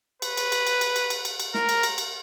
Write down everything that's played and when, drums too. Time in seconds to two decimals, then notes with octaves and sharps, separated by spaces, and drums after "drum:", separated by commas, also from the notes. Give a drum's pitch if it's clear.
0.22 B4, drum: cymbal
0.37 drum: cymbal
0.52 drum: cymbal
0.67 drum: cymbal
0.81 drum: cymbal
0.96 drum: cymbal
1.10 drum: cymbal
1.25 drum: cymbal
1.40 drum: cymbal
1.54 A#4, drum: snare
1.69 drum: cymbal
1.83 drum: cymbal
1.98 drum: cymbal